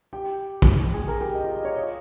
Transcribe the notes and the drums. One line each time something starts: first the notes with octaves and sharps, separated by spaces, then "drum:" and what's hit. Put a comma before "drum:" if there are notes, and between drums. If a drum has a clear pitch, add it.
G4 G5
drum: kick
G#4 G#5
A#4 A#5
G4 G5
D#5
F4 F5
D#5
C#5
D#5